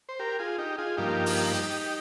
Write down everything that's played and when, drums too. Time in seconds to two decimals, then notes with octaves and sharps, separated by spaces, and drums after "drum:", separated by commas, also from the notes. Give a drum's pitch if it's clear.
0.09 C5
0.19 G4 A#4
0.39 F4 G#4
0.58 D#4 G4
0.78 F4 G#4
0.97 G2 F3 A#3 D#4 G4
1.26 drum: open hi-hat